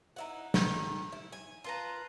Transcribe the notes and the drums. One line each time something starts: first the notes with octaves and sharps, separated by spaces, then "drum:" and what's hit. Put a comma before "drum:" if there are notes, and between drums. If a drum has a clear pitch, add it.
D#4 E4 F#5
D#3 A3, drum: snare
E4
G#5
F4 B4 A5 A#5